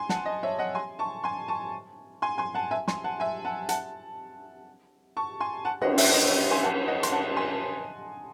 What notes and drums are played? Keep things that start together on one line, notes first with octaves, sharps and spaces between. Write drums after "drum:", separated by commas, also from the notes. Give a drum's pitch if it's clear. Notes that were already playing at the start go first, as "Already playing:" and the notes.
Already playing: G#5 C6
F#5 A5, drum: snare
D#5
C#5 E5
D#5 F#5
G#5 C6
A5 C#6
G#5 C6
A5 C#6
G#5 C6
G#5 C6
F#5 A5
E5 G#5
G#5 C6, drum: snare
F#5 A5
E5 G#5
F#5 A5
F#5 A5, drum: hi-hat
A5 C#6
G#5 C6
F#5 A5
D#5 F#5, drum: cymbal
C#5 E5, drum: open hi-hat
D#5
C#5
D#5
G#5 C6
F#5 A5
D#5 F#5
C6, drum: hi-hat
F#5 A5
G#5 C6